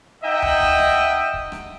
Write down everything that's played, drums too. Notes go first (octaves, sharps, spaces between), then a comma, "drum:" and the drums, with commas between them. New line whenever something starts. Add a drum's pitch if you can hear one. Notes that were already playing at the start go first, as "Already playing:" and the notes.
D#4 D#5 E5 F#5 G5
drum: tom C#2
drum: kick C#1
drum: rim click
drum: kick C#1
drum: rim click